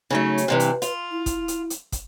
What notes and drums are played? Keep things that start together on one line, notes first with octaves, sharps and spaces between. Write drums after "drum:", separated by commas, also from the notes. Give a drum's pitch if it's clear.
C#3 F#3 A3 D#4
drum: hi-hat
G2 C3 E3 B4
drum: hi-hat
F4, drum: hi-hat
E4
drum: kick, hi-hat
drum: hi-hat
drum: hi-hat
drum: kick, hi-hat